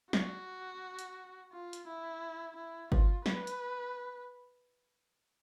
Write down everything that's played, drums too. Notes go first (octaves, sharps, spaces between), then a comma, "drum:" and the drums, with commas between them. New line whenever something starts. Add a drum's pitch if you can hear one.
F#4, drum: snare
drum: hi-hat
F4
drum: hi-hat
E4
E4
F4, drum: kick G1
B4, drum: snare
drum: hi-hat